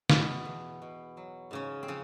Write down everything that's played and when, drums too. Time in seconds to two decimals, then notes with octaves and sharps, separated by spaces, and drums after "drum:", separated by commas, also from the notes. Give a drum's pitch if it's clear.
0.10 E2 B2 B3, drum: snare
0.45 E2
0.82 B2
1.17 F#3
1.51 G#2 C#3 C#4
1.83 C4
1.88 C#3 F3 C#4